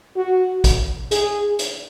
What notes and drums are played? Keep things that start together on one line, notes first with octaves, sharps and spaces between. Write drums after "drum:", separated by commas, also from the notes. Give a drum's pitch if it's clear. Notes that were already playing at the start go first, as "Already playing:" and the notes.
F#4
drum: kick, hi-hat
G#4, drum: hi-hat
drum: hi-hat